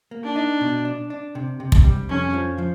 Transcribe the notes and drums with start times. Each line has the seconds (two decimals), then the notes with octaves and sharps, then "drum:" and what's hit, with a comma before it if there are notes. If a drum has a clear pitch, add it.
0.11 A#3
0.23 D4
0.36 D#4
0.61 B2
0.85 D4
1.10 D4
1.35 C3
1.60 C3
1.72 drum: kick
1.84 G3
2.09 F2 C#4
2.34 F3
2.58 F3